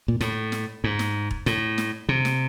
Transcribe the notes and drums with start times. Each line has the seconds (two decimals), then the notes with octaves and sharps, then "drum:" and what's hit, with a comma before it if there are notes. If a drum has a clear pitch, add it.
0.08 A#2
0.21 A2, drum: snare
0.52 drum: snare
0.84 G#2
0.99 drum: snare
1.31 drum: kick E1
1.46 A2, drum: snare
1.78 drum: snare
2.09 C3
2.25 drum: snare